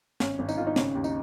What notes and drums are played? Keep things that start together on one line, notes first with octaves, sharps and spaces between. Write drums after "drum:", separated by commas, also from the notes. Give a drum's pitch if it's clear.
G#1 C#4, drum: snare
G#1
D#4, drum: tambourine
D#3 F4
D#4
C#3 C#4, drum: snare
D#2
D#4, drum: tambourine